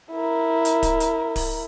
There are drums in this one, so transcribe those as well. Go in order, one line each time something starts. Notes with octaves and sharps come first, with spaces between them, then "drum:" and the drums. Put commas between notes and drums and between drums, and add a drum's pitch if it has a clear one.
E4 A#4
drum: hi-hat
drum: kick D1, hi-hat
drum: hi-hat
drum: kick D1, open hi-hat